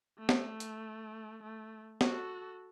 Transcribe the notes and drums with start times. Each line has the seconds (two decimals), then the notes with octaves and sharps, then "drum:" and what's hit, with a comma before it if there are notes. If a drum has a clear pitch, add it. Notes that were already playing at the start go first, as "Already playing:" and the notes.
0.19 A3
0.29 drum: snare
0.60 drum: hi-hat
1.43 A3
2.01 F#4 A4, drum: snare